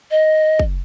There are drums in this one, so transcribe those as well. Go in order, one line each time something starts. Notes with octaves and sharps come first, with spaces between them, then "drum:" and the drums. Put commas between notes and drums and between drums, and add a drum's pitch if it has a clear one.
D#5
drum: kick